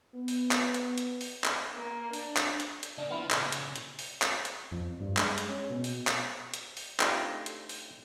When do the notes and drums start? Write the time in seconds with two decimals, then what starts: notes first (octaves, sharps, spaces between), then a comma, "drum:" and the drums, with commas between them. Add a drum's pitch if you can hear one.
0.15 B3
0.28 drum: open hi-hat
0.51 drum: clap
0.74 drum: hi-hat
0.98 drum: hi-hat
1.21 drum: open hi-hat
1.44 drum: clap
1.76 A#3
2.13 D4, drum: open hi-hat
2.37 drum: clap
2.60 drum: hi-hat
2.83 drum: hi-hat
2.98 C#3 A#3 D4
3.10 F3 B3 E4
3.30 A#2 C#3, drum: clap
3.52 drum: hi-hat
3.76 drum: hi-hat
3.99 drum: open hi-hat
4.22 drum: clap
4.45 drum: hi-hat
4.71 F2
5.00 G2
5.17 G#3, drum: clap
5.38 drum: hi-hat
5.49 C#4
5.70 B2
5.84 drum: open hi-hat
6.07 drum: clap
6.54 drum: hi-hat
6.77 drum: open hi-hat
7.00 A3 C4 D4 D#4 F4 G4, drum: clap
7.46 drum: hi-hat
7.69 drum: open hi-hat